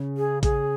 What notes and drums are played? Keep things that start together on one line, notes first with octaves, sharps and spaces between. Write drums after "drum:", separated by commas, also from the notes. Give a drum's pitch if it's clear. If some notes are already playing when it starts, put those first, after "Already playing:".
Already playing: C#3
G#4
G#4, drum: kick, hi-hat